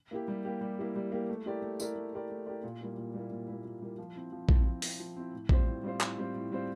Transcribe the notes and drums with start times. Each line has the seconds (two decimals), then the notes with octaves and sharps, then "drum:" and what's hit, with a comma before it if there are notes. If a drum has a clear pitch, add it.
0.11 A#3 E4 G4
0.28 G3
0.45 A#3 E4 G4
0.61 G3
0.79 A#3 E4 G4
0.96 G3
1.12 A#3 E4 G4
1.29 A3
1.46 E4 G4 A#4 D5
1.62 A3
1.80 E4 G4 A#4 D5, drum: tambourine
1.96 A3
2.13 E4 G4 A#4 D5
2.30 A3
2.46 E4 G4 A#4 D5
2.63 A#2
2.81 G3 A#3 E4
2.98 A#2
3.14 G3 A#3 E4
3.31 A#2
3.47 G3 A#3 E4
3.65 A#2
3.81 G3 A#3 E4
3.98 F3
4.16 C4 E4
4.32 F3
4.49 C4 E4, drum: kick
4.66 F3
4.82 C4 E4, drum: open hi-hat
5.00 F3
5.16 C4 E4
5.33 A2
5.49 G3 C4 F4 C5, drum: kick
5.67 A2
5.83 G3 C4 F4 C5
6.01 A2, drum: clap
6.18 G3 C4 F4 C5
6.34 A2
6.52 G3 C4 F4 C5